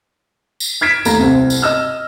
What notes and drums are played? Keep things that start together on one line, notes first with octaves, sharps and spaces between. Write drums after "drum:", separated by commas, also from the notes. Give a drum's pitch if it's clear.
drum: tambourine
F6 G#6 B6 D7 E7
D#2 A3 A#5 G#6, drum: tambourine
C2 C4
drum: tambourine
D#5 E6 F6